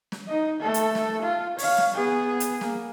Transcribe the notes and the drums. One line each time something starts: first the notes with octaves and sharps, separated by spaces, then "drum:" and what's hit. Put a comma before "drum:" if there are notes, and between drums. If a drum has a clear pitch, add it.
drum: snare
D#4 D#5
A3 A4
drum: hi-hat
drum: snare
F4
C#5 F5, drum: open hi-hat
drum: snare
B3 G#4
drum: hi-hat
A#3, drum: snare